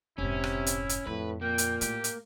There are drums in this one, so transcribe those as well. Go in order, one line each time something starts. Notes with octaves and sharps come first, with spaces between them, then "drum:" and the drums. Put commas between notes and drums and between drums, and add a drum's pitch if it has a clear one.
F1 G#2 C3 C#4 E4
drum: rim click
drum: hi-hat
drum: hi-hat
F2 A2 B4
A#2 A#3 G5
drum: hi-hat
A2 G4, drum: hi-hat
drum: hi-hat